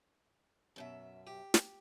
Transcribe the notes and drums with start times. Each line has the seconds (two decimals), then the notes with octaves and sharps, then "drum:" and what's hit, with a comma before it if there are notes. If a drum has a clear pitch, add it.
0.76 F#2 B2 E5
1.27 G4
1.54 drum: snare